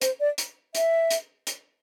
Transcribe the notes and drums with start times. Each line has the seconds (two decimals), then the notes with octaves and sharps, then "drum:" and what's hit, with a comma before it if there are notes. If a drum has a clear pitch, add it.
0.01 C5, drum: hi-hat
0.20 D5
0.38 drum: hi-hat
0.75 E5, drum: hi-hat
1.11 drum: hi-hat
1.47 drum: hi-hat